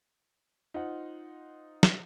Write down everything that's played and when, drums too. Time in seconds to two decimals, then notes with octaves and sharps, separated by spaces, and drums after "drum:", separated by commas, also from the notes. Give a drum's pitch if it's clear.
0.74 D#4 F4 C5 F#5
1.83 drum: snare